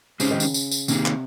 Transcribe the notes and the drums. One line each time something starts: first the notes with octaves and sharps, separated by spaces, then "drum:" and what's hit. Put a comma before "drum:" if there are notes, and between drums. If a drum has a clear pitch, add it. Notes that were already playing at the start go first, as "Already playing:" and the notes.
C#3 G#3 C4 D#4 G4 C5, drum: tambourine
D#3
C#3, drum: tambourine
drum: tambourine
drum: tambourine
C3 D#3 A#3 D#4 G#4, drum: tambourine
drum: clap